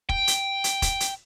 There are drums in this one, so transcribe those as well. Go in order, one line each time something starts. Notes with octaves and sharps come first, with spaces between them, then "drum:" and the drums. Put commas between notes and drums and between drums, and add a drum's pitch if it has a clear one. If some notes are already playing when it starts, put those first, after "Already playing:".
G5, drum: kick E1
drum: hi-hat
drum: hi-hat
drum: kick E1, hi-hat
drum: hi-hat